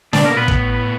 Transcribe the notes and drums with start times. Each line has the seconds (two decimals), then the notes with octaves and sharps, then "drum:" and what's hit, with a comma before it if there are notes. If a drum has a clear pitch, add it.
0.13 A#2 D4 D5, drum: snare
0.23 B2 A#3 A#4
0.34 A#2 B3 B4
0.48 A2, drum: kick